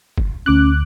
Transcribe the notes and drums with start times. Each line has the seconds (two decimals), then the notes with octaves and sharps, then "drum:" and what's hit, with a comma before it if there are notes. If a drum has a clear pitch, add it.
0.18 drum: kick
0.46 D2 C#4 D6 F#6